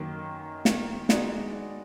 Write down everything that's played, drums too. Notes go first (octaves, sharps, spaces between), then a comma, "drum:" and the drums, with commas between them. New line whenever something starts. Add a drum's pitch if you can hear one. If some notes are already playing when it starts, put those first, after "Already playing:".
Already playing: F#2 D#3 A#3
drum: snare
G#3 B3 D#4 F#4 D5, drum: snare